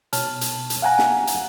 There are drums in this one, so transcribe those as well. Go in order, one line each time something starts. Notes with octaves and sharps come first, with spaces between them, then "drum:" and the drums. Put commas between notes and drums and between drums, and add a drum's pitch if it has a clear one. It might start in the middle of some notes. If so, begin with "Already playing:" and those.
B2 C#5 A5 F6, drum: hi-hat
drum: hi-hat
drum: hi-hat
F5 F#5 G#5 A#5 F#6
drum: snare
drum: hi-hat